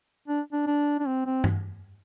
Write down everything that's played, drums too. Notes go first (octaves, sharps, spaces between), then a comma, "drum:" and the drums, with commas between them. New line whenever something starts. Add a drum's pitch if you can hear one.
D4
D4
D4
D4
C4
C4
drum: tom G2